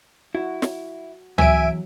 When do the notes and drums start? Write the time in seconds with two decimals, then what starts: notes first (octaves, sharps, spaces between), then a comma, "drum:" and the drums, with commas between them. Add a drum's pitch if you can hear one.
0.35 E4 F#4
0.62 drum: snare
1.38 E2 F#3 E5 G#5 D7, drum: tom